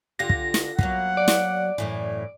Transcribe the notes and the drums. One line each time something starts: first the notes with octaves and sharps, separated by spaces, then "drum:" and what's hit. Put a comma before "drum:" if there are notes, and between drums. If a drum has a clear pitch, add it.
D3 F4 G4 A#6
drum: kick
drum: snare
F#3 A#3 B3 F#5, drum: kick
D5
drum: snare
F#2 A2 E3